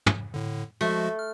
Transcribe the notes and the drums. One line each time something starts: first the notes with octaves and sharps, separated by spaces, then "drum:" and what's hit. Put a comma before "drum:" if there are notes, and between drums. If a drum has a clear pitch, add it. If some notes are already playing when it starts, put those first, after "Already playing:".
drum: tom
A2 D3
F3 G#3 A3 F#4
F6